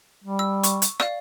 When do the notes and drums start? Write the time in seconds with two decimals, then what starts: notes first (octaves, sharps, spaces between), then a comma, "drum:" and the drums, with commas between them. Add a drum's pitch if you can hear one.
0.24 G3
0.39 E6
0.64 C#6, drum: hi-hat
0.82 drum: hi-hat
1.00 D5 F5, drum: rim click